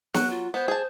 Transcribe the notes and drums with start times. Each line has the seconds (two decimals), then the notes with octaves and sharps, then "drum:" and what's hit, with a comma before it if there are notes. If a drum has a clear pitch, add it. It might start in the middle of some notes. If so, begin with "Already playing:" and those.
0.14 F#3 F#6, drum: snare
0.30 F4
0.54 B3 C5
0.68 G#4 A5